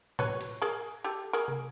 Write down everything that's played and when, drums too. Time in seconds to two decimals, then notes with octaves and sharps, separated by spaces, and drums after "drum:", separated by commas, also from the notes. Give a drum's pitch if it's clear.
0.19 B4 C#5, drum: tom A2
0.41 drum: cymbal
0.62 G#4 A#4
1.04 G4 A4
1.33 G#4 A#4
1.48 drum: tom C3